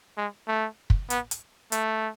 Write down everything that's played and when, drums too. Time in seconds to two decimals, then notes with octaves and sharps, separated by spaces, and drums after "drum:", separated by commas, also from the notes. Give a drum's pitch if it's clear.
0.18 G#3
0.48 A3
0.90 drum: kick
1.10 B3, drum: hi-hat
1.31 drum: hi-hat
1.72 A3, drum: hi-hat